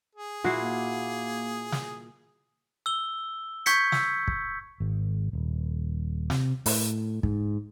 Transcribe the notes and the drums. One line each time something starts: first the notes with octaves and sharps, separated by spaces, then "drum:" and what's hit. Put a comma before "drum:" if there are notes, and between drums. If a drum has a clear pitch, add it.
G#4
A#2 E4 F#4 C7
A#3
drum: snare
E6 G7
C#6 G6 G#6 B6 C#7, drum: hi-hat
E6, drum: snare
drum: kick
G#1
D#1
C3, drum: snare
A2, drum: open hi-hat
G#2, drum: kick